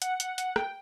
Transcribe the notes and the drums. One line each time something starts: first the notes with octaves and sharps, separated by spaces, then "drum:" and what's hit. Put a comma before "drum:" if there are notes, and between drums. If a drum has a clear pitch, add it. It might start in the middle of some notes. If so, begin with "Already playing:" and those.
F#5, drum: hi-hat
F#5, drum: hi-hat
F#5, drum: hi-hat
G5, drum: rim click